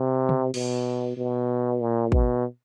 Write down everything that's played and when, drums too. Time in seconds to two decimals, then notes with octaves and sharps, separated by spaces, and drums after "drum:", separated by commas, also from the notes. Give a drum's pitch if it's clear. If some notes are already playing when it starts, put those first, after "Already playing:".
Already playing: C3
0.29 drum: tom
0.54 B2, drum: cymbal
1.17 B2
1.80 A#2
2.12 B2, drum: kick